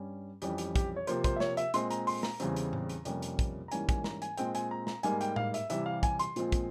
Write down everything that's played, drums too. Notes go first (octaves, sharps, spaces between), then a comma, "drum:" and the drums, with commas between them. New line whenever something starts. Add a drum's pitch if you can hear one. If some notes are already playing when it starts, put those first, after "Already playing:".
Already playing: G2 G3 C#4
F2 E3 G3 C#4 G4, drum: hi-hat
G4, drum: hi-hat
G4, drum: kick, hi-hat
C#5
C3 F3 A#3 C5, drum: hi-hat
C5, drum: kick, hi-hat
E5
C#5, drum: snare
E5, drum: hi-hat
A#2 G#3 C4 C6, drum: hi-hat
A#5, drum: hi-hat
C6, drum: open hi-hat
A#5, drum: snare
E2 C#3 E3 G3 C4, drum: hi-hat
drum: hi-hat
drum: tom A2
drum: hi-hat
F2 C3 G3 A#3 C#4, drum: hi-hat
drum: hi-hat
drum: kick, hi-hat
A#5
G#2 E3 G3 A#3 C#4 G#5, drum: hi-hat
G#5, drum: kick, hi-hat
A#5, drum: snare
G#5, drum: hi-hat
A#2 G#3 C4 G5, drum: hi-hat
G#5, drum: hi-hat
A#5
A#5, drum: snare
G#2 G3 A#3 G#5, drum: hi-hat
G5, drum: hi-hat
F5, drum: tom A2
E5, drum: hi-hat
C3 E3 G3 E5, drum: hi-hat
F5
G#5, drum: kick, hi-hat
C6, drum: hi-hat
A#2 F3 G#3 C4, drum: hi-hat
drum: kick, hi-hat